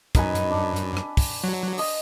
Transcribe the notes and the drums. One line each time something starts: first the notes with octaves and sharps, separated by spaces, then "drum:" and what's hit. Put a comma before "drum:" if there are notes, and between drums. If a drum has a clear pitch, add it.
F#2 D#4 B4 G#5, drum: kick, hi-hat
drum: hi-hat
D4
drum: hi-hat
drum: rim click
drum: kick, open hi-hat
F#3
D#5 D#6, drum: open hi-hat